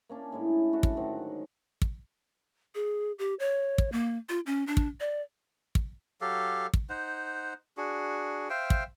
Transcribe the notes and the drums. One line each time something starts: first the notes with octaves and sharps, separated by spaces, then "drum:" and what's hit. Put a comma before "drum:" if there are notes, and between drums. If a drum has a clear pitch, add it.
A#3 C#4 D4
A2 G#3 E4
F#4 A4 E5 F#5
drum: kick
G#2 D3 D#3 F#3
drum: kick
G#4
G4
C#5
drum: kick
A#3
F4
C#4
D4
drum: kick
D5
drum: kick
F#3 G4 A4 F5
drum: kick
D#4 C5 F#5
D4 F#4 G#4
C5 E5 F5 G5
drum: kick